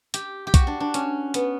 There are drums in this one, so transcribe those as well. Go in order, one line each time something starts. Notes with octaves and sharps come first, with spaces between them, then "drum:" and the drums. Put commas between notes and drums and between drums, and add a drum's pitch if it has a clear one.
G4, drum: hi-hat
G4
F#4, drum: kick B1, hi-hat
D4
D4
C#4, drum: hi-hat
B3, drum: hi-hat